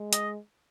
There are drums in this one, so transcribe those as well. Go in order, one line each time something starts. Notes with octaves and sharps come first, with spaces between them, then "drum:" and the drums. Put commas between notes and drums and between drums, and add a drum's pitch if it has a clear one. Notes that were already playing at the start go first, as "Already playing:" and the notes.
Already playing: G#3
D#5, drum: hi-hat